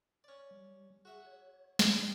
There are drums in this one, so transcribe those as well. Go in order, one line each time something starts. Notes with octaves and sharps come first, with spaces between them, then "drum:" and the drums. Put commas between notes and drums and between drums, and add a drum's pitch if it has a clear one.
C#4 D5
G3
F#4 G#4 E5 F#5
C#5
D4 D5, drum: snare